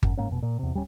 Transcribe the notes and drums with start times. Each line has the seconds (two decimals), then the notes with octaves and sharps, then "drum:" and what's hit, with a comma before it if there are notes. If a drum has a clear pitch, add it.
0.03 G#1 F#2, drum: kick G1
0.17 G#2 A#3 C#4
0.29 F1 B2
0.43 A#2
0.59 E2 C3
0.73 D1 G3 C#4